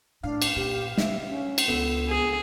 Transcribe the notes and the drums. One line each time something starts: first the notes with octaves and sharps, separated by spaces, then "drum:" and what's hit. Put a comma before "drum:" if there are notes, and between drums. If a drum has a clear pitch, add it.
A2 D4 F5
drum: cymbal
A#2 G4
C#3 E5, drum: snare
C#4
drum: cymbal
C#2 B3 A4
G#4